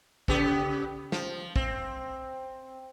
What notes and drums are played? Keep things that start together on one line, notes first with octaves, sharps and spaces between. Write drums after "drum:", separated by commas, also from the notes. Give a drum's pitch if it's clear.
C#3 B3 G4, drum: kick
F3, drum: snare
C4, drum: kick